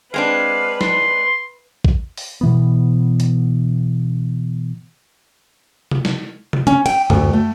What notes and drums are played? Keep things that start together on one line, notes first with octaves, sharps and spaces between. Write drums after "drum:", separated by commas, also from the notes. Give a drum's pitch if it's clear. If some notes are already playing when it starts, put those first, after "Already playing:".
G#3 C4 D4 B4 F5
C6, drum: snare
drum: kick A#1
drum: open hi-hat
B2 E3 B3
drum: hi-hat
drum: tom C3
drum: snare
drum: tom C3
C#4, drum: hi-hat
G5, drum: cymbal
D2, drum: tom F#2
A3